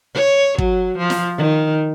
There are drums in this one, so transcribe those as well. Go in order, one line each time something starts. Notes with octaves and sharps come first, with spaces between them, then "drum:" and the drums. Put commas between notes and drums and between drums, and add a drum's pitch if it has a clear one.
C#5
F#3, drum: kick
F3
drum: snare
D#3